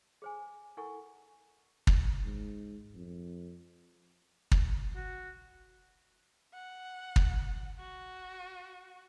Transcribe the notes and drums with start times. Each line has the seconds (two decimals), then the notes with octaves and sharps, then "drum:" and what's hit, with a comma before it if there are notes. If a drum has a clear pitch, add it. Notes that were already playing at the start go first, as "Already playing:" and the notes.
0.22 G#4 C5 G#5
0.77 E4 A4 A#4 F#5 G#5 C#6
1.87 drum: kick
2.22 G#2
2.95 F2
4.52 drum: kick
4.96 F#4
6.54 F#5
7.16 drum: kick
7.79 F#4